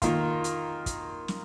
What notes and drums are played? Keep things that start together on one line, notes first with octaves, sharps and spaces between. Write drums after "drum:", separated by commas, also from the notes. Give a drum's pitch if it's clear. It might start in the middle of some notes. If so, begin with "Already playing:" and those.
D#3 A#3 F4, drum: kick, hi-hat
drum: hi-hat
drum: kick, hi-hat
drum: snare